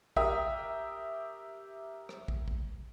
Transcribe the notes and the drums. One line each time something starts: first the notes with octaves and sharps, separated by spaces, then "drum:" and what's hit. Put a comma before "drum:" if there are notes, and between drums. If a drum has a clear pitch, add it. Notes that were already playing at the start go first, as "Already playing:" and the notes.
G4 A#4 E5 D#6, drum: kick
drum: rim click
drum: kick
drum: kick